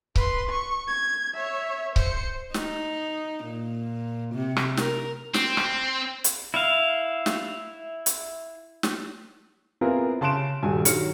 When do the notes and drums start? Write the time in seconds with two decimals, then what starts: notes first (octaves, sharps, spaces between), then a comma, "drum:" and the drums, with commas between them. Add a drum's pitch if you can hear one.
0.16 B4 C6, drum: kick C#1
0.50 C#6
0.88 G#6
1.34 C#5 E5
1.96 C5 C#7, drum: kick C#1
2.54 D#4, drum: snare
3.44 A#2
4.34 C3
4.56 drum: rim click
4.77 A#4, drum: snare
5.34 C4, drum: snare
5.57 drum: rim click
6.24 drum: hi-hat
6.54 E4 E5 F5
7.26 drum: snare
8.06 drum: hi-hat
8.83 drum: snare
9.81 B3 C4 E4 F4 G#4 A#4
10.21 C#3 A5 C6 F#6 D7 E7
10.63 D#1 G2 F#4 G#5
10.85 D#3 F#3 F6 C#7, drum: hi-hat